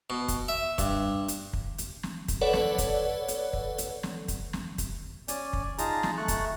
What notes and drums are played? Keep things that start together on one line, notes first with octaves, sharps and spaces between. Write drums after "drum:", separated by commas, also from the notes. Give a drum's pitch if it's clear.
B2
drum: kick, hi-hat
E5
G2, drum: kick, hi-hat
drum: hi-hat
drum: kick
drum: hi-hat
drum: snare
drum: kick, hi-hat
A4 B4 C#5 D5 F#5
drum: snare
drum: kick, hi-hat
drum: hi-hat
drum: kick
drum: hi-hat
drum: snare
drum: kick, hi-hat
drum: snare
drum: kick, hi-hat
C#4 D5 G#5, drum: hi-hat
drum: kick
D#4 F4 G#4 A5 A#5, drum: hi-hat
drum: snare
A3 A5 C#6 F#6
drum: kick, hi-hat